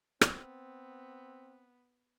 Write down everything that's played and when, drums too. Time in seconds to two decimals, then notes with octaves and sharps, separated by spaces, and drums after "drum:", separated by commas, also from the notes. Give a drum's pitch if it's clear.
0.21 B3 C4, drum: rim click